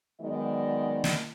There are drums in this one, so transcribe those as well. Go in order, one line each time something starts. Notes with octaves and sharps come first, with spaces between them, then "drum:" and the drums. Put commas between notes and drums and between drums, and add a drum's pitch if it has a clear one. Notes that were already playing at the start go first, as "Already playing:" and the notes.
D#3 F#3 G#3 B3 D5 D#5
drum: snare